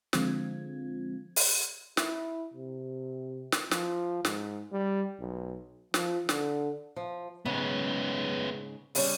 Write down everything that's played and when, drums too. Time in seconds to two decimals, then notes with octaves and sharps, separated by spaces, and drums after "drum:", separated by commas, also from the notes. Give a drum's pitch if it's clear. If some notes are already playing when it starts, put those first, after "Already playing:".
0.13 D3 F3 G#3 C4 F4 G#6, drum: snare
1.36 drum: open hi-hat
1.97 E4, drum: snare
2.54 C3
3.52 drum: snare
3.71 F3, drum: snare
4.25 G#2, drum: snare
4.72 G3
5.20 B1
5.94 F3, drum: snare
6.29 D3, drum: snare
6.96 F3
7.45 G#2 C#3 G#3 B3 C#4
8.95 C#3 G3 C#4, drum: open hi-hat